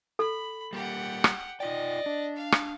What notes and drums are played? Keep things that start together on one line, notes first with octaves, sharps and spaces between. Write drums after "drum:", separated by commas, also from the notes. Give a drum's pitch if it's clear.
A4 B5
G3 A#3 G4 F#5
drum: rim click
D#4 F4 D5 D#5 G5
D4
F5
drum: rim click